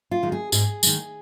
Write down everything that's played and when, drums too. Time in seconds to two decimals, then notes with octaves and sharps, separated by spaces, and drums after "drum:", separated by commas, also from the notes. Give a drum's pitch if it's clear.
0.11 F4
0.23 D#3 G#3
0.32 G#4
0.52 G#2 G#4, drum: tambourine
0.83 D#3 G#3, drum: tambourine